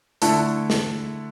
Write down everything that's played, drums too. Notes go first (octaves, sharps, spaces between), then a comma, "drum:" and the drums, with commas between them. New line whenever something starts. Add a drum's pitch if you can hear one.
D3 A3 E4 A4, drum: hi-hat
drum: snare